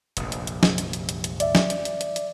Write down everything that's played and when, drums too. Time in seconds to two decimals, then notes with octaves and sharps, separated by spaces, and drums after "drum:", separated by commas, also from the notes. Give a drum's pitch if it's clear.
0.17 F1 A#1, drum: hi-hat
0.32 drum: hi-hat
0.47 drum: hi-hat
0.63 drum: snare
0.78 drum: hi-hat
0.93 drum: hi-hat
1.09 drum: hi-hat
1.24 drum: hi-hat
1.40 D5 E5, drum: hi-hat
1.55 drum: snare
1.70 drum: hi-hat
1.85 drum: hi-hat
2.01 drum: hi-hat
2.16 drum: hi-hat